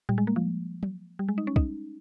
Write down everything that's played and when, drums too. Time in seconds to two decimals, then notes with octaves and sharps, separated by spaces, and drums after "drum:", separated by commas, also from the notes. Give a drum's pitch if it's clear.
0.09 G3, drum: tom A2
0.18 G#3
0.27 A#3
0.36 F3
0.83 drum: tom
1.19 G3
1.29 G#3
1.38 D#4
1.47 C#4
1.56 D#4, drum: kick